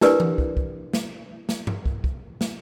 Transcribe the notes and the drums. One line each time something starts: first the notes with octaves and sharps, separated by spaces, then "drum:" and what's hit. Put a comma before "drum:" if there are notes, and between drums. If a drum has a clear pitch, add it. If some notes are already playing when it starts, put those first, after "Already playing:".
D4 E4 G4 A#4 B4 D5, drum: snare
drum: tom E3
drum: kick
drum: kick
drum: snare
drum: snare
drum: tom G2
drum: kick
drum: kick
drum: snare